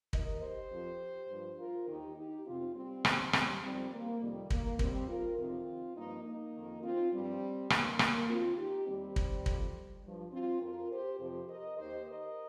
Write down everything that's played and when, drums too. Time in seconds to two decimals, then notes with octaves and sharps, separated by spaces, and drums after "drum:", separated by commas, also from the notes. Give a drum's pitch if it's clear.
0.13 D#2 D#3 A#4 D#5, drum: kick
0.42 G4 C5
0.72 F2 F3
1.29 G2 F3
1.59 F4 A#4
1.88 D#2 D#3 D#4 G4
2.17 D#4 G4
2.46 F2 C3 F3 C4 F4
2.75 G3 C4
3.05 D#2 D#3, drum: rim click
3.33 G3 C4, drum: rim click
3.62 F2 D#3 G3 C4
3.91 A#3
4.21 F2 C3 D#3 G3
4.50 A#3, drum: kick
4.79 D#2 D#3 G3 C4, drum: kick
5.08 F4 A#4
5.37 F2 C3 D#3 C4 F4
5.96 G2 F3 A#3 D#4
6.24 A#3 D#4
6.54 F2 D#3
6.83 C4 F4
7.12 G2 F3 G3 C4
7.70 G2 D#3 A#3, drum: rim click
7.99 A#3, drum: rim click
8.28 D#2 D#3 C4 F4
8.58 D#4 G4
8.87 D#2 D#3 G3 C4
9.16 drum: kick
9.46 F2 F3, drum: kick
10.04 G2 F3
10.32 C4 F4
10.61 F2 F3 F4 A#4
10.91 G4 C5
11.19 F2 C3 F3 G4 C5
11.49 A#4 D#5
11.78 D#2 D#3 G4 C5
12.07 A#4 D#5